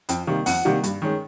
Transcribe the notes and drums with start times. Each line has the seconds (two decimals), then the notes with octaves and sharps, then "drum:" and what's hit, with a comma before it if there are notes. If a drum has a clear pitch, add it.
0.09 F2 G5, drum: hi-hat
0.27 C3 D#3 G3 A#3
0.46 F2 F#5, drum: open hi-hat
0.65 C3 D#3 G3 A#3
0.84 G2, drum: hi-hat
1.02 D#3 G#3 C#4